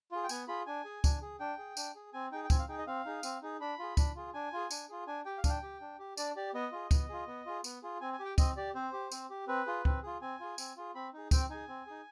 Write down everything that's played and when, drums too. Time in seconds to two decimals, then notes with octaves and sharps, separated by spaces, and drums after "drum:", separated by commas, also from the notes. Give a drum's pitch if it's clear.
0.12 F4 G#4
0.23 G5
0.29 B3 G#5, drum: tambourine
0.48 F4 G#4 B5
0.66 D4 G#5
0.85 G#4
1.04 D4, drum: kick C#2, tambourine
1.22 G#4
1.40 D4 G5
1.58 G#4
1.77 D4, drum: tambourine
1.95 G#4
2.13 C4 G#5
2.32 D#4 G#4 G5
2.44 G5
2.50 C4 G#5, drum: kick C#2, tambourine
2.59 F5
2.68 D#4 G#4 G5
2.78 D#5
2.87 C4 F5
3.05 D#4 G#4
3.23 C4, drum: tambourine
3.42 D#4 G#4
3.60 D4 B5
3.79 F4 G#4
3.97 D4, drum: kick C#2, tambourine
4.16 F4 G#4
4.34 D4 G#5
4.53 F4 G#4
4.71 D4, drum: tambourine
4.89 F4 G#4
5.07 D4 G#5
5.25 G4 G5
5.38 F5
5.44 D4, drum: kick C#2, tambourine
5.49 G5
5.63 G4
5.81 D4
5.99 G4
6.17 D4 D5, drum: tambourine
6.36 G4 D5
6.54 B3 D#5
6.72 F4 G#4
6.91 B3, drum: kick C#2, tambourine
7.09 F4 G#4
7.27 B3
7.46 F4 G#4
7.64 B3, drum: tambourine
7.83 F4 G#4
8.01 C4 G#5
8.13 G#5
8.19 G4
8.25 G5
8.38 C4 D#5, drum: kick C#2, tambourine
8.57 G4 D5
8.75 C4 C5
8.93 G4
9.12 C4, drum: tambourine
9.30 G4
9.48 C4 B4
9.67 F4 G#4
9.85 C4, drum: kick C#2
10.03 F4 G#4
10.21 C4 G#5
10.40 F4 G#4
10.58 C4, drum: tambourine
10.77 F4 G#4
10.95 C4 B5
11.13 D#4 G#4
11.31 C4 G5, drum: kick C#2, tambourine
11.50 D#4 G#4 G#5
11.68 C4
11.87 D#4 G#4